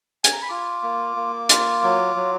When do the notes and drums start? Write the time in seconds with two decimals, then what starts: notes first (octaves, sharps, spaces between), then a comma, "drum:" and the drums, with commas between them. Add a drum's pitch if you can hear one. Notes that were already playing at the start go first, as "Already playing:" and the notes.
0.24 G#5, drum: hi-hat
0.33 A#5
0.42 B5
0.49 F4 D6
0.83 A#3
1.16 A#3
1.49 F4, drum: hi-hat
1.83 F#3
2.16 F#3